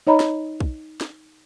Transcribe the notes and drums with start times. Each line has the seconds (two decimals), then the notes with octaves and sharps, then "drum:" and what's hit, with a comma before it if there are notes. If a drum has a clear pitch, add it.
0.07 D#4 C#5 D#5 A#5 B5
0.20 drum: snare
0.60 drum: kick
1.01 drum: snare